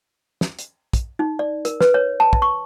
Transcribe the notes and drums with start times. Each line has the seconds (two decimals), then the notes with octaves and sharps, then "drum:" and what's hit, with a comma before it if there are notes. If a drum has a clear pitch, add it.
0.41 drum: snare
0.59 drum: hi-hat
0.93 drum: kick, hi-hat
1.19 D#4
1.39 D5
1.65 A#4, drum: hi-hat
1.81 B4, drum: snare
1.94 C#5
2.20 A5
2.33 drum: kick
2.42 C#6